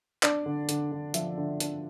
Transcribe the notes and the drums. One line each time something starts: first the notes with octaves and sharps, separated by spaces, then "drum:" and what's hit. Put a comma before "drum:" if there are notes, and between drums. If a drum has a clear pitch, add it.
D4 D5, drum: clap
D3
D3, drum: hi-hat
D3
F3 E5, drum: hi-hat
D3
D4, drum: hi-hat